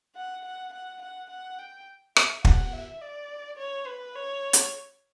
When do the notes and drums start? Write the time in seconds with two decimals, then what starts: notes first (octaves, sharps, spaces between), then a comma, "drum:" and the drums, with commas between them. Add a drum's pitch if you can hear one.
0.16 F#5
0.45 F#5
0.73 F#5
1.01 F#5
1.30 F#5
1.58 G5
2.16 E5, drum: rim click
2.45 F#5, drum: kick
2.73 E5
3.01 D5
3.58 C#5
3.87 B4
4.15 C#5
4.53 drum: hi-hat